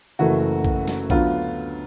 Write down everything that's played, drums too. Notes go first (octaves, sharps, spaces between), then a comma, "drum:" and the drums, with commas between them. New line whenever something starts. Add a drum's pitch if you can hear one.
F#1 F#2 C#3 E3 A3 F#4
drum: kick
drum: snare
D2 D3 F#3 B3 F4, drum: kick